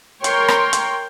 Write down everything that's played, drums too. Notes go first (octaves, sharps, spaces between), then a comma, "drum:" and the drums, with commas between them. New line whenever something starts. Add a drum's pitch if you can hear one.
A#4 C#5 G5 C6, drum: hi-hat
drum: rim click
drum: hi-hat